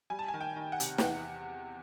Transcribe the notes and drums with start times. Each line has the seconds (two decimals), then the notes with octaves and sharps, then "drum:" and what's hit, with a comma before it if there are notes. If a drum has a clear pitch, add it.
0.10 G3 G#5
0.19 A5
0.28 G#5
0.34 D#3
0.41 G5
0.56 D#3
0.72 F#5
0.80 C3, drum: hi-hat
0.98 G5, drum: snare
1.02 E2 F#5